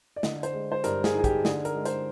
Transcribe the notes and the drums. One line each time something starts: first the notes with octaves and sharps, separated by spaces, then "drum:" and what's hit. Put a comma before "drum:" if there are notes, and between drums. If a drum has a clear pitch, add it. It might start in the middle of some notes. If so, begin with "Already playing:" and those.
D5
D3 D#5, drum: snare
C5, drum: hi-hat
G#3
C5
G2 A#4, drum: hi-hat
G#4, drum: snare
D#4 G#4
G4, drum: kick, hi-hat
D3 G#4, drum: snare
A#4, drum: hi-hat
G#3
C5, drum: hi-hat